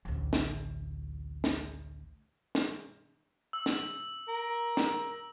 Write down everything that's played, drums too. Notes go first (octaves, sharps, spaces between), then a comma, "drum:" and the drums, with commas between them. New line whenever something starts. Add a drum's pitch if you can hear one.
A1 D2
drum: snare
drum: snare
drum: snare
E6
drum: snare
A#4
drum: snare